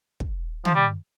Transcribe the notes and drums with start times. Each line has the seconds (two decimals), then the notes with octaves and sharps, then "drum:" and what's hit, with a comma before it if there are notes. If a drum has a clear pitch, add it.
0.20 drum: kick
0.65 F3, drum: tom
0.75 G3